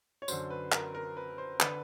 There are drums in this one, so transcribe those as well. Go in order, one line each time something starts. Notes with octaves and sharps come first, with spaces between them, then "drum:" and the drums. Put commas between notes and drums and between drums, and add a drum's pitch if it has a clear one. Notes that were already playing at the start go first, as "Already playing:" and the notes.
C#5
F#2 D3 C5, drum: tambourine
B4
A#4, drum: clap
A#4
B4
C5
D3 B4, drum: clap